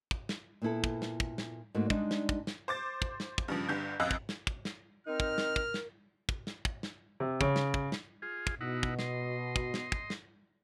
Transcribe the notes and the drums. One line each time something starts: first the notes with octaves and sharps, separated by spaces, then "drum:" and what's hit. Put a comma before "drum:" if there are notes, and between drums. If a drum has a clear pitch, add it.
drum: kick
drum: snare
A#2 B3 E4 A4
drum: kick
drum: snare
drum: kick
drum: snare
G#2 A3 A#3 F#4
G3 G#3 D4 D#4, drum: kick
drum: snare
drum: kick
drum: snare
C5 D6 A6
drum: kick
drum: snare
drum: kick
G2 C#3 F3
G1 G2 D3 G6
A1 F2 D#5 F5 E6 F#6
drum: kick
drum: snare
drum: kick
drum: snare
C4 D#4 A#4 F6
drum: kick
drum: snare
drum: kick
drum: snare
drum: kick
drum: snare
drum: kick
drum: snare
C3
C#3, drum: kick
drum: snare
drum: kick
drum: snare
F4 G#4
drum: kick
B2 D#4 E4 F#5
drum: kick
D#5 C6, drum: snare
drum: kick
drum: snare
drum: kick
drum: snare